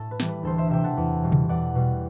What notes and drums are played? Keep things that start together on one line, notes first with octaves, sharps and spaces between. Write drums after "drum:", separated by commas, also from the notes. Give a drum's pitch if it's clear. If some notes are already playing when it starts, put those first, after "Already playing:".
Already playing: A2 A4
B4
E3 G3, drum: snare
B4
D2 A4 C5
C5 E5
C3 E3 E5 G5
F#5 A5
E2
B2 G3
drum: tom C3
E2 D5 F#5
B2 G3